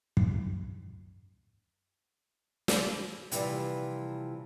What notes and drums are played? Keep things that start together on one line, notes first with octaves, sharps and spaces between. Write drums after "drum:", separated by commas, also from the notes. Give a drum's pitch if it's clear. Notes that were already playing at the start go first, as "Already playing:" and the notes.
F#2, drum: kick
drum: snare
C3 E3 F3 G3, drum: hi-hat